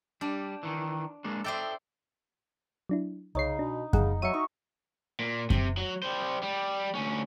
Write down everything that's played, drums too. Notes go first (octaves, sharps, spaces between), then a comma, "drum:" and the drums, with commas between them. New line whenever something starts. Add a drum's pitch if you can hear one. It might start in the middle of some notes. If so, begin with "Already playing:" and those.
G3 D4
D#3 E3
G#3 A#3 D4
A4 C5 D5 E5 G5
F#3 D4 E4
C2 C#3 D#4 C#5 C7
B2 D4
C#3 D#4 G#4 F#5, drum: kick F#2
F#3 F#4 E5 C#7 D#7
D#4 C#6
A#2
C3, drum: kick F#2
F#3
G3 C5
G3
D2 C#4